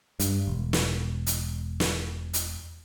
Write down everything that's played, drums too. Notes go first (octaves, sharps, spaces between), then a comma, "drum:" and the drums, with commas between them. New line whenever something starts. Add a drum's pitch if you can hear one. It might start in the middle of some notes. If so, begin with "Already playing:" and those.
G2, drum: hi-hat
E1
drum: snare
drum: hi-hat
drum: snare
drum: hi-hat